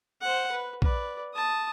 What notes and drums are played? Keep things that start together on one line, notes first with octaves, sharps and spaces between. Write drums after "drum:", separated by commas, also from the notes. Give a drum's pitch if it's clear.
C5 F#5
B4
B4 D5, drum: kick
A5 D#6